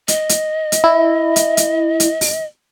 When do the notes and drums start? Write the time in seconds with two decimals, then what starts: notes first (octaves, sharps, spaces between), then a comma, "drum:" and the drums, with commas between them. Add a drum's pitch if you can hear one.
0.08 D#5, drum: hi-hat
0.29 drum: hi-hat
0.72 drum: hi-hat
0.84 E4
1.36 drum: hi-hat
1.57 drum: hi-hat
2.00 drum: hi-hat
2.21 drum: open hi-hat